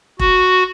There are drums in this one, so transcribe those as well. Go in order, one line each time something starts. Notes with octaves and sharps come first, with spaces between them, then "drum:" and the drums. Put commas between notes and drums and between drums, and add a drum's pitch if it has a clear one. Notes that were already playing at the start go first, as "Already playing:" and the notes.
F#4, drum: kick E1